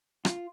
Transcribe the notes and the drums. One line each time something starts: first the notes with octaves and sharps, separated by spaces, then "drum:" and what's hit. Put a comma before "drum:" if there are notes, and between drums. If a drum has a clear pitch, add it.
F4, drum: rim click